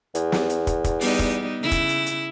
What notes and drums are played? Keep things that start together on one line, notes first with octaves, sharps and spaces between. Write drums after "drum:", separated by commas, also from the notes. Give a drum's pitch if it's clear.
E2, drum: hi-hat
drum: snare
drum: hi-hat
drum: kick, hi-hat
drum: kick, hi-hat
G3 B3 D#4, drum: open hi-hat
drum: kick, hi-hat
C#3 E4
drum: kick, hi-hat
drum: hi-hat
drum: hi-hat